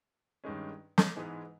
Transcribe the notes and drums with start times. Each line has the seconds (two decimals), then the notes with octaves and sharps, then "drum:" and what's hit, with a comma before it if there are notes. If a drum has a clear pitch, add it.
0.44 G2 D#3 G#3 C#4
0.98 drum: snare
1.15 G#2 E3 G#3 B3